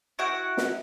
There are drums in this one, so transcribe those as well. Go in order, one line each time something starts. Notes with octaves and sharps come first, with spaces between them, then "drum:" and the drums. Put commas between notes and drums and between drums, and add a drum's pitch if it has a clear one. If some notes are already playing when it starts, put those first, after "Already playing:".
E4 F#4 F#5 G5
drum: snare